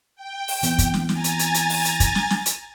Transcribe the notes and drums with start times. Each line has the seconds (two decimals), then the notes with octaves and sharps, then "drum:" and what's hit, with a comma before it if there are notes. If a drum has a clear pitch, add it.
0.16 G5
0.48 drum: open hi-hat
0.63 E3 B3 C4, drum: hi-hat
0.78 drum: kick, hi-hat
0.94 drum: snare
1.09 G#5 A#5 A6, drum: snare
1.24 drum: hi-hat
1.39 drum: hi-hat
1.54 drum: hi-hat
1.70 drum: open hi-hat
1.85 drum: hi-hat
2.00 drum: kick, hi-hat
2.15 drum: snare
2.30 drum: snare
2.46 drum: hi-hat